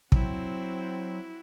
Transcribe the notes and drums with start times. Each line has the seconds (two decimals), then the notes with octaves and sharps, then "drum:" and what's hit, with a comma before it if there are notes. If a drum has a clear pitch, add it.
0.12 F#3 C4 E4 F#4, drum: kick